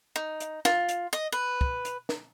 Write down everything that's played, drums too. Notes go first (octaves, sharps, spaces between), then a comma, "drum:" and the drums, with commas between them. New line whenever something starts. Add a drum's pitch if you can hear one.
D#4
drum: hi-hat
F4, drum: snare
drum: hi-hat
D#5
B4
drum: kick
drum: hi-hat
drum: snare